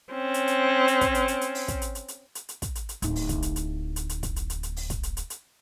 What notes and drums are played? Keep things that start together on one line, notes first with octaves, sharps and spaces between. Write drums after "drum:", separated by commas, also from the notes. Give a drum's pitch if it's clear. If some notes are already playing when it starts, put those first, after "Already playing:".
C4 C#4
drum: hi-hat
drum: hi-hat
drum: hi-hat
drum: kick, hi-hat
drum: hi-hat
drum: hi-hat
drum: hi-hat
drum: open hi-hat
drum: kick, hi-hat
drum: hi-hat
drum: hi-hat
drum: hi-hat
drum: hi-hat
drum: hi-hat
drum: kick, hi-hat
drum: hi-hat
drum: hi-hat
D1 D#4, drum: hi-hat
drum: open hi-hat
drum: kick, hi-hat
drum: hi-hat
drum: hi-hat
drum: hi-hat
drum: hi-hat
drum: kick, hi-hat
drum: hi-hat
drum: hi-hat
drum: hi-hat
drum: open hi-hat
drum: kick, hi-hat
drum: hi-hat
drum: hi-hat
drum: hi-hat